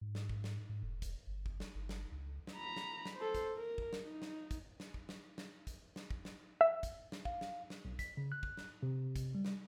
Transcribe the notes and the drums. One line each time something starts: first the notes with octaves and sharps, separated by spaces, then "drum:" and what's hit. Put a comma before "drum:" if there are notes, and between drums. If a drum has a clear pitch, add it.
G#2
drum: snare
drum: kick
drum: snare
G#2
E1
drum: kick, hi-hat
G1
drum: kick
drum: snare
G1
drum: snare
C#2
drum: snare
A#5 B5
drum: snare
drum: snare
A4 C5
drum: kick, hi-hat
A#4
drum: kick
drum: snare
D#4
drum: snare
drum: kick, hi-hat
drum: snare
drum: kick
drum: snare
drum: snare
drum: kick, hi-hat
drum: snare
drum: kick
drum: snare
E5
drum: kick, hi-hat
drum: snare
F5, drum: kick
drum: snare
drum: snare
B1
B6, drum: kick, hi-hat
C#3
F#6
drum: kick
drum: snare
C3
drum: kick, hi-hat
G3
drum: snare